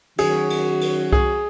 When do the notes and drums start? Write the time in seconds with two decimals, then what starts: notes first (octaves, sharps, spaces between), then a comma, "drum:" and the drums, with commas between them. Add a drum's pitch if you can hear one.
0.18 D#3 F#3 C#4 F#4 G#4, drum: cymbal
0.50 drum: cymbal
0.81 drum: cymbal
1.12 G#4, drum: kick C2